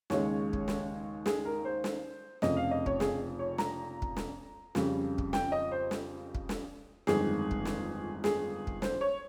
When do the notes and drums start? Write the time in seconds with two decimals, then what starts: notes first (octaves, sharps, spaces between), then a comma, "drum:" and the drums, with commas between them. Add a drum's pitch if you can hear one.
0.10 D#2 C#3 G#3 C#5, drum: snare
0.53 drum: kick
0.68 drum: snare
1.26 G#4, drum: snare
1.45 A#4
1.65 C5
1.84 drum: snare
2.42 F1 F2 C#3 D#5, drum: snare
2.57 F5
2.71 D#5
2.86 C#5, drum: kick
3.00 G#4, drum: snare
3.39 C#5
3.58 A#5, drum: snare
4.02 drum: kick
4.17 drum: snare
4.75 F2 C#3 G3, drum: snare
5.18 drum: kick
5.33 G5, drum: snare
5.52 D#5
5.71 C5
5.91 drum: snare
6.35 drum: kick
6.49 drum: snare
7.07 G1 F2 D#3 G#3 G#4, drum: snare
7.51 drum: kick
7.65 drum: snare
8.24 G#4, drum: snare
8.67 drum: kick
8.82 C5, drum: snare
9.01 C#5